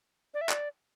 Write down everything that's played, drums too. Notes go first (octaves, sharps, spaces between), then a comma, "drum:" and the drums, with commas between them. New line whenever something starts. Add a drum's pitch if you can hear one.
D5
E5
D5, drum: clap